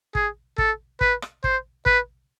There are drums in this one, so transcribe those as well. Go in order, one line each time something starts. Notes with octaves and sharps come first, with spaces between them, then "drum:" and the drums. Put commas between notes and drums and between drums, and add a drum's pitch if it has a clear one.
G#4, drum: kick
A4, drum: kick
B4, drum: kick
drum: rim click
C5, drum: kick
B4, drum: kick